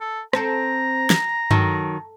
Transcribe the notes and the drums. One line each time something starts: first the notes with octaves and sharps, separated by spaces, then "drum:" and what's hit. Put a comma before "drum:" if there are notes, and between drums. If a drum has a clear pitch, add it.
A4
C4 A4 C5 A#5, drum: rim click
drum: snare
D#3 F#3 A4, drum: tom G2